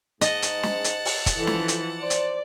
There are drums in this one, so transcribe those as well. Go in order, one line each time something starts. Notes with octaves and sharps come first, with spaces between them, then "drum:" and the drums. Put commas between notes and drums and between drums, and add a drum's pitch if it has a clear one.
G#2 D#5 F#5 A5, drum: hi-hat
drum: hi-hat
drum: snare
drum: hi-hat
drum: open hi-hat
drum: kick, hi-hat
D3 E3 F3 A4
drum: snare
drum: hi-hat
C5 D5
drum: hi-hat